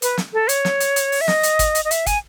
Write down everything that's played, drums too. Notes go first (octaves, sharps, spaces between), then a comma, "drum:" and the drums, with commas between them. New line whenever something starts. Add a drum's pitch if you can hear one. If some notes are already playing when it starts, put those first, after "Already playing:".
B4, drum: hi-hat
drum: snare
A4
C#5, drum: hi-hat
drum: snare
drum: hi-hat
drum: hi-hat
drum: open hi-hat
E5
D#5, drum: snare
drum: hi-hat
drum: kick, hi-hat
drum: hi-hat
D#5
E5, drum: hi-hat
G#5, drum: kick, hi-hat